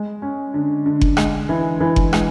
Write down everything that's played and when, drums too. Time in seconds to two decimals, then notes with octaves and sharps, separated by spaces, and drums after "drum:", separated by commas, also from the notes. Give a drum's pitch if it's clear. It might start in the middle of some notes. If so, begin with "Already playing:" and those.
Already playing: G#3
0.22 C#4
0.54 D3
0.86 D3
1.01 drum: kick F#1
1.17 G#3, drum: rim click
1.49 E3
1.81 E3
1.96 drum: kick F#1
2.13 G#3, drum: rim click